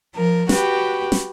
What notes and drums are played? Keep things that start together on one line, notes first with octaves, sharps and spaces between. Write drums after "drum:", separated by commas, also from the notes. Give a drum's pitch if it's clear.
F3 A#4
F#4 G4 B4, drum: snare
drum: snare